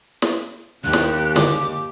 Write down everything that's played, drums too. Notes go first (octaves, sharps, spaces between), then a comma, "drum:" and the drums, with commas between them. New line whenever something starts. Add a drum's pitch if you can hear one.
drum: snare
D#2 G4 F#6
drum: snare
C#2 D3 D#3 D6, drum: snare